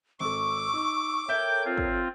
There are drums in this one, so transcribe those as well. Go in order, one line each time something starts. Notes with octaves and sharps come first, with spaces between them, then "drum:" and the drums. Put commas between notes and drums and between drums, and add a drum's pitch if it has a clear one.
G#1 A4 C#6 D6 E6
D#4
A4 A#4 C#5 E5 G5 G6
C4 F4
drum: kick